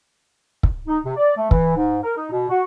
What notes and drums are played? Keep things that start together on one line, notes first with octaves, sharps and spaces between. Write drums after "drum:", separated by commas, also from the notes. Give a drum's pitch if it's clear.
drum: kick
D#4
C3
D5
A3
E3, drum: kick
G#2
A#4
D#4
B2
F#4